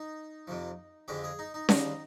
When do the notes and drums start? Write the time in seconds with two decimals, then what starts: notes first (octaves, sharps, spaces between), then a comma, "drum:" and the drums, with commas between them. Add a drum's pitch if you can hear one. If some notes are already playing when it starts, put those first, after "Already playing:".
Already playing: D#4
0.47 F2 C3 F3
1.08 F2 D3 G#3 G4
1.24 G#4
1.39 D#4
1.54 D#4
1.69 D#2 D3 G3 D#4, drum: snare C#4